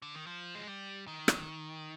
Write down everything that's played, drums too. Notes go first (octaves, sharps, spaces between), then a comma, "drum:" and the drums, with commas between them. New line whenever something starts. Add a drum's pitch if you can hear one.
D3
D#3
F3
G#3
G3
D#3
drum: rim click